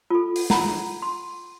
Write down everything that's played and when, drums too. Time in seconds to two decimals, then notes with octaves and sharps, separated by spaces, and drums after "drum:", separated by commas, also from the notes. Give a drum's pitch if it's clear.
0.10 F4 A4
0.36 drum: open hi-hat
0.50 F#5 A#5 B5, drum: snare
1.02 C6